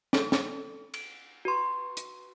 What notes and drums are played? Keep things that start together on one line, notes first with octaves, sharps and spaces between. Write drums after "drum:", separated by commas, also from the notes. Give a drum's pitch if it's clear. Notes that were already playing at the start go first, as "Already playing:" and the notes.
A4, drum: snare
drum: snare
D7, drum: cymbal
F#4 B4 C6 C#6
drum: hi-hat